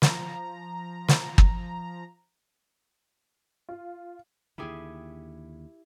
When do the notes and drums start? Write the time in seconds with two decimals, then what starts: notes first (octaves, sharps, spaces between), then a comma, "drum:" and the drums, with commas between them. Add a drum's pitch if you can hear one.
0.02 F3 A#5, drum: snare
1.08 drum: snare
1.38 drum: kick
3.69 F4
4.58 D#2 D3 E4 G4 G#4